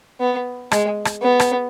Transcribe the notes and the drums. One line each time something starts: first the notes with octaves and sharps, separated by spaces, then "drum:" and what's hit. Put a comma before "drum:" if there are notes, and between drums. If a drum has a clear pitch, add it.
B3
G#3, drum: rim click
drum: rim click
B3
drum: rim click